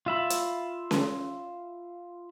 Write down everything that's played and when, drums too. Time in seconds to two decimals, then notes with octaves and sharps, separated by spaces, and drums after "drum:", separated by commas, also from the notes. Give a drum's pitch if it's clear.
0.06 F4 E5 B5
0.30 drum: hi-hat
0.91 drum: snare C#4